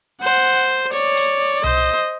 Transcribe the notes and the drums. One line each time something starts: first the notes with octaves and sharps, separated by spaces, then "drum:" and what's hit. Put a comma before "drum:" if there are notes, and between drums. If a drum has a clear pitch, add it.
C5 F#5
C#5 D5
drum: hi-hat
C5 D#5, drum: tom C2